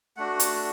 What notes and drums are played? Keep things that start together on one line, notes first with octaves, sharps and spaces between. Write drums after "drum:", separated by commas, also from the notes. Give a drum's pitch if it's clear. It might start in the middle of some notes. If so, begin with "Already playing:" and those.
A3 D4 F#4 F#5
drum: hi-hat